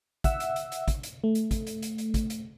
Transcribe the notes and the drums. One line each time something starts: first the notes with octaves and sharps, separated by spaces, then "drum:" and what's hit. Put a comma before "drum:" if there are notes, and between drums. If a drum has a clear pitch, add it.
E5 F#5 E6, drum: kick, hi-hat
drum: hi-hat
drum: hi-hat
drum: hi-hat
drum: kick, hi-hat
drum: hi-hat
A3
drum: hi-hat
drum: kick, hi-hat
drum: hi-hat
drum: hi-hat
drum: hi-hat
drum: kick, hi-hat
drum: hi-hat